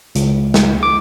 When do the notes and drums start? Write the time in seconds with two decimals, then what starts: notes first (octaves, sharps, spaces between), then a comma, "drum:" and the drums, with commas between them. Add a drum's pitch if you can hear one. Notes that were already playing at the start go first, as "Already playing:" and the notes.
0.15 C#2, drum: hi-hat
0.54 drum: snare
0.83 D6